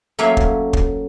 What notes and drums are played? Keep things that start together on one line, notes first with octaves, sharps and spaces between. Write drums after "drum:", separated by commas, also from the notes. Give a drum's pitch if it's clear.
F#3 A3 A#3 C#4 E5 F5
drum: kick
drum: kick